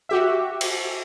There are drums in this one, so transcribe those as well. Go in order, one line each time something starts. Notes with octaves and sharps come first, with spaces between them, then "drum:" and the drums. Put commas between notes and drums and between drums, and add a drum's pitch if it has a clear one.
F#4 G4 E5
drum: cymbal